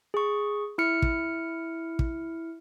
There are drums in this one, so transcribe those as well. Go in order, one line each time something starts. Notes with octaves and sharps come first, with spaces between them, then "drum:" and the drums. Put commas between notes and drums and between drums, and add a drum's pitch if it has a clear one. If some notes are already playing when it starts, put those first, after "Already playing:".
G#4 C#6
E4 F6 C#7
drum: kick
drum: kick